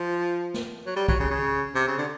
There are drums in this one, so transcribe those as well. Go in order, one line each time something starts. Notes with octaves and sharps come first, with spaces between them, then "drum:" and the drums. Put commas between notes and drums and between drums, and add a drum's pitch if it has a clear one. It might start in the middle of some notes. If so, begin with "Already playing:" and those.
Already playing: F3
drum: snare
F#3
G3
F#3, drum: kick C2
C#3
C#3
C3
C#3
D3